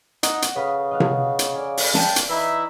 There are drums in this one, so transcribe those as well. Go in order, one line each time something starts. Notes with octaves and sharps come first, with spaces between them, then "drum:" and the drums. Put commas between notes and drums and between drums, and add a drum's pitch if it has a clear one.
D#4 F#5, drum: hi-hat
drum: hi-hat
C#3 B4 F5 D#6
D#5 F5 F#5
drum: tom C3
drum: hi-hat
D5 F5 G#5
drum: open hi-hat
G5 A5, drum: snare
drum: hi-hat
E3 D#4 E4 E5